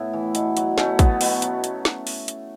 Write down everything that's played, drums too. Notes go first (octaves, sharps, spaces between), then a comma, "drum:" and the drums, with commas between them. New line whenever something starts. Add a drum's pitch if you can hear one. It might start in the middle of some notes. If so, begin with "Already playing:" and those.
Already playing: A2 B3 E4
E3
B2, drum: hi-hat
F#3, drum: hi-hat
B2 A3 C#4, drum: snare
F#3 B3, drum: kick, hi-hat
B2 B3, drum: open hi-hat
F#3, drum: hi-hat
drum: hi-hat
drum: snare
drum: open hi-hat
drum: hi-hat